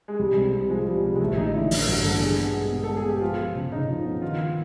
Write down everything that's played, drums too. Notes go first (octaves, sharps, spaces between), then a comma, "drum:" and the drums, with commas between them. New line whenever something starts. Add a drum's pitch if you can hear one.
G#3
C2 G3
C3
C3
F3 G#3
F3 G3
C3 G3
G#3
A1 A3
D3 D#4
D3 E4
A1, drum: open hi-hat
G2 F#4
D3 A4
B2 G#4
B3
G#3
B2 G#4
G#3 A4
G#4
B3 G4
F3 F4
F3
C#3
C#3 D#4
F3
B3
D#3 F4
D#3